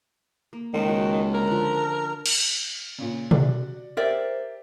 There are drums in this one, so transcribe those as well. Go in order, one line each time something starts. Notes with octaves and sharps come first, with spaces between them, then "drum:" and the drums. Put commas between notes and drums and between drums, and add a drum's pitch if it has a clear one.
A#3
C#2 D#3
D#4 F#4
D3 A4 A#4
F3 D4
drum: cymbal
A#2 C#3
F#4 D5, drum: tom B2
G4 A#4 C5 D5 E5